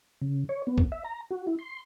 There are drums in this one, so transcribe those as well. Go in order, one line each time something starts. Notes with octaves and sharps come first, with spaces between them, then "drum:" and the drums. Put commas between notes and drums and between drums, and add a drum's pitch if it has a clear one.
C#3
C#5
B3
drum: kick
E5
A#5
F#4
E4
C6